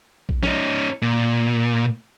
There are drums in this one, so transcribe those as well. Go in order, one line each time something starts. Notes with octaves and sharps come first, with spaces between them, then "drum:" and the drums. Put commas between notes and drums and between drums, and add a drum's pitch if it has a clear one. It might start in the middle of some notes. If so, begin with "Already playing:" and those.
drum: kick A#1
C#4 D#4, drum: snare
A#2